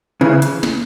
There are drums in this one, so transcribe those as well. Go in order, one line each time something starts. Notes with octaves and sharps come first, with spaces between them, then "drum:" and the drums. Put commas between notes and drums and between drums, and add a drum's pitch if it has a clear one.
C#3 E3
drum: hi-hat
drum: snare